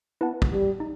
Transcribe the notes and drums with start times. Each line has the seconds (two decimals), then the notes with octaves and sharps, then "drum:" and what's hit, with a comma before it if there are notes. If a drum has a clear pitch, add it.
0.21 B3 E4 B4 F#5 A5
0.42 drum: kick
0.51 G3
0.80 D#4